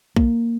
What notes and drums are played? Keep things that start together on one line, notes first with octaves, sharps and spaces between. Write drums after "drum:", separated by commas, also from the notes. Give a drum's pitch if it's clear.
A#3, drum: kick